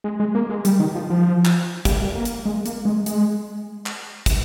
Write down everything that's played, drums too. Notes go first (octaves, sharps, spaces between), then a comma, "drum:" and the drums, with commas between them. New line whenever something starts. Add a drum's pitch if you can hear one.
G#3
G#3
A#3
G#3
G3, drum: hi-hat
D#3
F3
F3
drum: clap
G3, drum: kick, hi-hat
A#3
drum: hi-hat
G#3
A#3, drum: hi-hat
G#3
G#3, drum: hi-hat
drum: clap
drum: kick, hi-hat